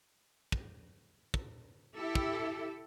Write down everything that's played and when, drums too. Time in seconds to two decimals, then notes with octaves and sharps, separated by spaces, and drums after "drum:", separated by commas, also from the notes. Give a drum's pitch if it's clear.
0.52 drum: kick
1.34 drum: kick
1.95 E4 G4 A4
2.15 drum: kick